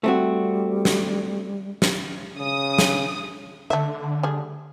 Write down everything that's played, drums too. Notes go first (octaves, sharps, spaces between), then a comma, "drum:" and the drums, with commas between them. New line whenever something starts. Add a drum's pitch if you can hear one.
G3 A3 C4 F#4
drum: snare
drum: snare
C#3 D#6
drum: snare
D3 A3 E5
G3 A3 G#4